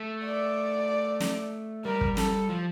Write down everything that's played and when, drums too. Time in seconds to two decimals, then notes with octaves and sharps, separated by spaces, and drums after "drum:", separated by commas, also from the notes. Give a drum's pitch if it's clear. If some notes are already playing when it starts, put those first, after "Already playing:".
Already playing: A3
0.24 D5
1.21 drum: snare
1.85 G3 A#4
2.01 drum: kick
2.17 A4, drum: snare
2.49 F3